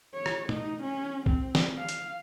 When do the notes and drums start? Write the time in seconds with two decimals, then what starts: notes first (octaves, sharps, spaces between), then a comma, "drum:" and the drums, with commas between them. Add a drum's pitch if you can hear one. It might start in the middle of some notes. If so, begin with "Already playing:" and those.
0.14 C#5
0.26 drum: rim click
0.49 D#4, drum: tom
0.83 C#4
1.26 C4, drum: kick
1.55 drum: snare
1.78 F5
1.89 drum: hi-hat